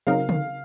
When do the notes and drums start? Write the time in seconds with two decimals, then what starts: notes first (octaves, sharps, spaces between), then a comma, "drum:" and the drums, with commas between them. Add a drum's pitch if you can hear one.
0.07 C#3 F#3 C4 D#4 A#4 F5
0.29 drum: tom